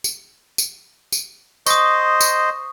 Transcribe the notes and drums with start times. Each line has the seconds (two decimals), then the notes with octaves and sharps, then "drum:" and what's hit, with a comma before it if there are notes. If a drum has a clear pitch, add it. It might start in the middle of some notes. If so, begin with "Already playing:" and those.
0.04 drum: tambourine
0.58 drum: tambourine
1.12 drum: tambourine
1.66 C5 D#5 C#6 D#6, drum: tambourine
2.21 drum: tambourine